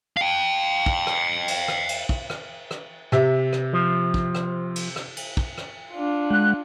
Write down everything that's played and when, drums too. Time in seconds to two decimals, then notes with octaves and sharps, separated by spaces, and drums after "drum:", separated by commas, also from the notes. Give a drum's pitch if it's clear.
0.17 F5 G5
0.86 drum: kick
1.07 drum: rim click
1.48 drum: cymbal
1.68 drum: rim click
1.89 drum: cymbal
2.09 drum: kick
2.30 drum: rim click
2.71 drum: rim click
3.12 C3 E5, drum: rim click
3.53 drum: rim click
3.73 F3
4.14 drum: kick
4.35 drum: rim click
4.76 drum: cymbal
4.96 drum: rim click
5.17 drum: cymbal
5.37 drum: kick
5.58 drum: rim click
5.92 D4 F4
6.31 G#3 F#5 F#6